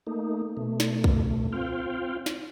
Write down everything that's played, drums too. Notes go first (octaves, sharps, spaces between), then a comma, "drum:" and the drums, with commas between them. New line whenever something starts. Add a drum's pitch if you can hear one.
A3 A#3 D#4
B2 A3
drum: snare
drum: kick B1
C4 F4 F5 G5
drum: snare